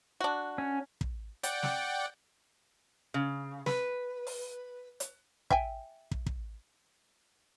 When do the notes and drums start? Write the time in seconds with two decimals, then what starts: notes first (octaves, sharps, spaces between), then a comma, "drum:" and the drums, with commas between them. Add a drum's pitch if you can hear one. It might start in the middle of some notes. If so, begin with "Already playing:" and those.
0.20 D4 F#4
0.58 C#4
1.01 drum: kick
1.43 D5 F#5 G5, drum: hi-hat
1.63 drum: snare
3.14 C#3
3.66 B4, drum: snare
4.27 drum: open hi-hat
5.00 drum: hi-hat
5.50 E5 G5 G#5, drum: kick
6.11 drum: kick
6.26 drum: kick